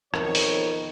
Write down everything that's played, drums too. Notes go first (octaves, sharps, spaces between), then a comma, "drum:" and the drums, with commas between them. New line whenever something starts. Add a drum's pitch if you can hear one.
F2 B2 D#3 C#5, drum: rim click
drum: open hi-hat